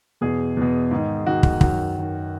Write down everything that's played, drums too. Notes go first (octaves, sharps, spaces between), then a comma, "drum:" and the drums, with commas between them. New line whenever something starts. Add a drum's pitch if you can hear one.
E2 B2 G#4
E2 B2
G#2 D#3
G#2 D#3 F#4
drum: kick
F#2 D#3 F#4, drum: kick
F#2 D#3